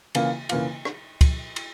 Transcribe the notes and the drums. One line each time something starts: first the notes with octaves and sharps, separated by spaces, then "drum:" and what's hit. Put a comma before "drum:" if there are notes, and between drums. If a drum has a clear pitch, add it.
C#3 E3 A#3 F4, drum: cymbal
C#3 E3 A#3 F4, drum: cymbal
drum: rim click
drum: kick, cymbal
drum: cymbal